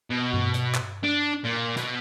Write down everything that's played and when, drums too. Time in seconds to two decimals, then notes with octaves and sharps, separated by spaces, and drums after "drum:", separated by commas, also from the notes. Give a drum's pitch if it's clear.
0.10 B2
0.33 drum: tom G2
0.54 drum: hi-hat
0.74 drum: clap
1.04 D4
1.44 A#2
1.77 B2, drum: hi-hat